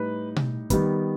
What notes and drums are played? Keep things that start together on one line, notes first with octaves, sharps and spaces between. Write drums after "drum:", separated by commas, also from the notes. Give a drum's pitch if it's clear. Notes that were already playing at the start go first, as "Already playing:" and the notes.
Already playing: A2 G3 D#4 B4
drum: tom B2
D#3 G3 B3, drum: kick, hi-hat